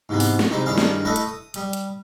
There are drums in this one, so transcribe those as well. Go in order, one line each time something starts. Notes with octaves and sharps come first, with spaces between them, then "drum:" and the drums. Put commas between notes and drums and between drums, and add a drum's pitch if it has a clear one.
G#2 C3 E3 B3
drum: open hi-hat
drum: snare
C3 G#3 D#4 E4
G2 D#3 E4 G#4 F5
drum: snare
A3 E4 A4 B4 D#5
drum: hi-hat
D#6
G3 D#6, drum: hi-hat
drum: hi-hat